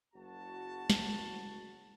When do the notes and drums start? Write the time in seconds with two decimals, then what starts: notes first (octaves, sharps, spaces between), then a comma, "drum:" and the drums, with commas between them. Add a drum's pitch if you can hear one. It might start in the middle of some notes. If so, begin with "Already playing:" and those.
0.14 F#1 F#4 A5
0.90 drum: snare